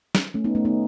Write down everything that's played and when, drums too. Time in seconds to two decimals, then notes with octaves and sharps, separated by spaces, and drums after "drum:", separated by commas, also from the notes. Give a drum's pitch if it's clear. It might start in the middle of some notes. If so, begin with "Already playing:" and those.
0.15 drum: snare
0.34 A3 C#4
0.44 B3 D#4
0.55 A3 C#4
0.65 B3 D#4